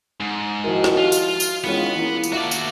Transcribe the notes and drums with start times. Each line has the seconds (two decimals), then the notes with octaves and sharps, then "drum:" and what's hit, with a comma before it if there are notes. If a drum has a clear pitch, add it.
0.20 G#2
0.64 D#3 F3 E4 F#4 A#4
0.84 drum: snare
0.98 F4
1.12 drum: tambourine
1.40 drum: tambourine
1.64 D#3 E3 F#3 G#3 B3 C#4 F4
1.96 E3 A#3
2.24 drum: tambourine
2.33 F#4 D5 E5 F5 A5
2.51 drum: tambourine